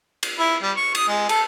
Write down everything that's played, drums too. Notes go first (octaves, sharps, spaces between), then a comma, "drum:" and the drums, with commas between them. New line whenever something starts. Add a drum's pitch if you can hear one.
drum: cymbal
E4
G3
C#6
D#6, drum: cymbal
G#3
A4, drum: cymbal